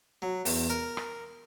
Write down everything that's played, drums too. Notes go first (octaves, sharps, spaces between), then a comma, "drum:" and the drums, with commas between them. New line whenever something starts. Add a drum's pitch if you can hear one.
F#3
E2, drum: open hi-hat
A#4
drum: rim click